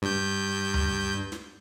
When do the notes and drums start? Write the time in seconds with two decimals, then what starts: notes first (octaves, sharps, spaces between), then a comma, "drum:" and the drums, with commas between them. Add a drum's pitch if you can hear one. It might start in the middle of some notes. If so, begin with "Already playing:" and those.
0.02 G2 G6
0.74 drum: tom D2
1.32 drum: snare